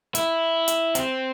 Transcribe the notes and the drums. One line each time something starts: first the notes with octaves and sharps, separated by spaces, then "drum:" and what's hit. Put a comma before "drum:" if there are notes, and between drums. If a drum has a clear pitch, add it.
E4, drum: hi-hat
drum: hi-hat
C4, drum: hi-hat